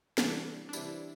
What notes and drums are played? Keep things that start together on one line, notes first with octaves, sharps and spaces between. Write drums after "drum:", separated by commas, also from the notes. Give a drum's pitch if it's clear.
C3 E3 G3 D4, drum: snare
D4
C3 E3 G3 E4, drum: tambourine